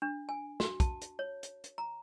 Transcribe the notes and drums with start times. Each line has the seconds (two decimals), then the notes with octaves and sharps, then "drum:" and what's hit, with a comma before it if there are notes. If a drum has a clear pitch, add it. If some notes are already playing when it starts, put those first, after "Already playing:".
0.02 D4
0.29 G#5
0.60 F#4, drum: snare
0.80 A5, drum: kick, hi-hat
1.01 drum: hi-hat
1.19 C#5
1.43 drum: hi-hat
1.64 drum: hi-hat
1.78 A#5